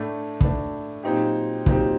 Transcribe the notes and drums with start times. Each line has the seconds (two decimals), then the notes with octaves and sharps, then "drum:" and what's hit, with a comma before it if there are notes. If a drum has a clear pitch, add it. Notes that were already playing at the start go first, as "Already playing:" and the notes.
Already playing: A2 A3 D4
0.41 A2 A3 D4, drum: kick
1.04 A#2 F#3 C4 D#4 G4
1.66 A#2 F#3 C4 D#4 G4, drum: kick